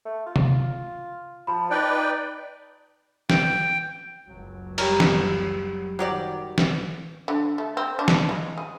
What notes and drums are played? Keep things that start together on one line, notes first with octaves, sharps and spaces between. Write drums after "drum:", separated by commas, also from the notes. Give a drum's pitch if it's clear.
A3
F4
drum: tom C3
F3 A5 B5
D#4 B4 D5 G5
G5, drum: snare
F#1 C#2 F#3
G3 C#4 A#4, drum: cymbal
drum: snare
D#3 F#3 G4 D5
drum: snare
D3
A3
C4
D4
drum: snare
G#3
G#4